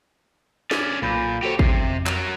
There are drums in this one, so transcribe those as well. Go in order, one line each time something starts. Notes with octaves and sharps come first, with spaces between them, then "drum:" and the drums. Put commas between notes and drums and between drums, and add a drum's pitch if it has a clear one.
C#4 D5, drum: snare
B1 A#2 B5 G6
F#4 G4 A4 C5 C#5
C3 C7, drum: kick G#1
F2
F#3 A#4, drum: clap